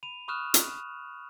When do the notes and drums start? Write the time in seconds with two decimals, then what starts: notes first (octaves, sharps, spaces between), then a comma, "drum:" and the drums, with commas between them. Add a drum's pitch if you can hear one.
0.03 B5 D#7 F7
0.28 B5 C#6 D#6 F6 F#6 E7
0.54 drum: hi-hat